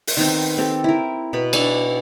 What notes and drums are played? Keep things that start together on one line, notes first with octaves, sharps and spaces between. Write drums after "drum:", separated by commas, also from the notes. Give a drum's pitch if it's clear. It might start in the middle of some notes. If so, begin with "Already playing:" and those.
drum: open hi-hat
D#3 B3 C4
C4 G4 A4
E4 A#4
B2 B3 B5
D4 E5, drum: cymbal